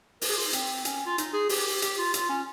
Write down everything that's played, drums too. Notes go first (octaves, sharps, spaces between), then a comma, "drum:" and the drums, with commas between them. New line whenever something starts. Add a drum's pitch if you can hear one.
A#4, drum: open hi-hat
G#4
F4
D#4
C4, drum: hi-hat
C#4, drum: hi-hat
F4
D#4, drum: hi-hat
G#4
G4, drum: open hi-hat
G4, drum: hi-hat
F4
F4, drum: hi-hat
C#4